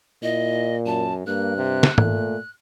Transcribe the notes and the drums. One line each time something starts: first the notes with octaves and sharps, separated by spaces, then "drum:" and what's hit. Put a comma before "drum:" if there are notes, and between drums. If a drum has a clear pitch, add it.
A#2 E4 D#5
F#2 A5
G2 A#3 F#6
C3
drum: snare
A#2 A3, drum: tom G#2